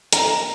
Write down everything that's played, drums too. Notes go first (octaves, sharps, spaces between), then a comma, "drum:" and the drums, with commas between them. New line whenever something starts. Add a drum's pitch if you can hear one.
A#5, drum: hi-hat